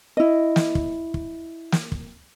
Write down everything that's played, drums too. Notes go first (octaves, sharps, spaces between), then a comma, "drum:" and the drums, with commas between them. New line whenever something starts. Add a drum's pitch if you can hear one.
E4 D#5
drum: snare
drum: kick
drum: kick
drum: snare
drum: kick